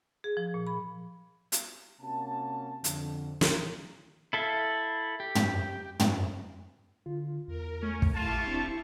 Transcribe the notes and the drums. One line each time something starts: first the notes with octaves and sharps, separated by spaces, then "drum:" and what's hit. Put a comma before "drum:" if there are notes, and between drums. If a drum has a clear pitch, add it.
G#4
F3
A#2
B5
drum: hi-hat
C3 A#3 C#4 F#4 A5
F2 D3, drum: hi-hat
drum: snare
E4 A4 E5 F5
G4
drum: tom
drum: tom
D3 F4
E2 A#4
A3 C#4
drum: kick
A1 E4 F4 G4 A5 C#6
E1 C4 D4